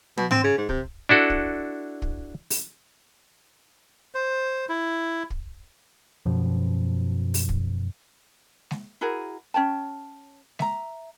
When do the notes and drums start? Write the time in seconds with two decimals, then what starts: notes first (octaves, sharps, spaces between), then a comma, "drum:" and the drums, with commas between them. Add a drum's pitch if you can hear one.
0.17 B2, drum: tom
0.31 C4, drum: tom G#2
0.44 C#3
0.57 G#2
0.69 C3, drum: kick
1.09 D4 E4 F#4 A4
1.30 drum: kick
2.02 drum: kick
2.50 drum: open hi-hat
4.15 C5
4.69 E4
5.30 drum: kick
6.26 F#2 B2 F3
7.34 drum: open hi-hat
7.49 drum: kick
8.71 drum: snare G#3
9.01 E4 F#4 G#4 A#4
9.54 C#4 C#5 G5 A5
10.59 E5 A#5, drum: snare G#3